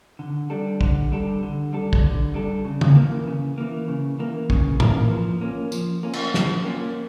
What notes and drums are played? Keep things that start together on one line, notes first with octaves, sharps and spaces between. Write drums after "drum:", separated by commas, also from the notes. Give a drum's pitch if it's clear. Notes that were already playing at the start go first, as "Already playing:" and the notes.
D3
G3 D4 A4
D3, drum: kick
G3 D4 A4
D3
G3 D4 A4
drum: kick
D3
G3 D4 A4
C#3
drum: tom
E3 A#3
C#3
E3 A#3
C#3
E3 A#3
C#3, drum: kick
E3 A#3, drum: tom
F3
A#3 C#4
F3, drum: tambourine
A#3 C#4
drum: cymbal
F3, drum: snare
A#3 C#4